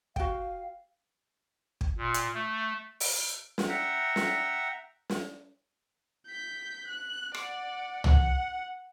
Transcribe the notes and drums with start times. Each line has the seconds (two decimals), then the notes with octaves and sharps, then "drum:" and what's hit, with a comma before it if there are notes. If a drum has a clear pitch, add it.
0.16 F#4 F5 G5, drum: kick
1.81 drum: kick
1.98 A#2
2.14 drum: hi-hat
2.34 A3
3.00 drum: open hi-hat
3.58 drum: snare
3.69 E5 F#5 G5 A#5
4.16 drum: snare
5.10 drum: snare
6.27 G6 B6
6.87 F#6
7.34 D5 F#5, drum: rim click
8.04 F#5, drum: tom